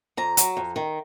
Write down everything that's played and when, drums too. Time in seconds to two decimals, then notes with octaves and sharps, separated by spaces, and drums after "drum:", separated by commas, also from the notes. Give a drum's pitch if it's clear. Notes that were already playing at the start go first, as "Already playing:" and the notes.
0.17 F2 A#5
0.37 F#3, drum: hi-hat
0.57 F2
0.76 D#3